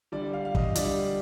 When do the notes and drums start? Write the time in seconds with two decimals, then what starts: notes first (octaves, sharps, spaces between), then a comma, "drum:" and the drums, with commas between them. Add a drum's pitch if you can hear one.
0.12 D3 G3 D5
0.33 F5
0.45 F5
0.55 D#5, drum: kick
0.75 D3 G3 D5, drum: hi-hat